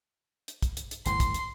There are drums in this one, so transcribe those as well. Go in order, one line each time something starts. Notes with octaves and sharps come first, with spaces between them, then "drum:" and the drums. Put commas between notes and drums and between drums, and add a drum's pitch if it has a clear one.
drum: hi-hat
drum: kick, hi-hat
drum: hi-hat
drum: hi-hat
G1 E2 A2 C6, drum: hi-hat
drum: kick, hi-hat
drum: hi-hat